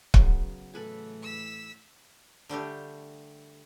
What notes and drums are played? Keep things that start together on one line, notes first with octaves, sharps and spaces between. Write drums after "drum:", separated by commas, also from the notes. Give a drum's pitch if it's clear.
C#3 F#3 B3, drum: kick
A2 E3 A4 B4 G#5
E6 B6
D3 G3 A3 G4